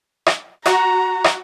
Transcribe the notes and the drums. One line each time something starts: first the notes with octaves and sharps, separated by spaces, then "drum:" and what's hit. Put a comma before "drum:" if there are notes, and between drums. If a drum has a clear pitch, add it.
drum: rim click
F#4 A#5, drum: rim click
drum: rim click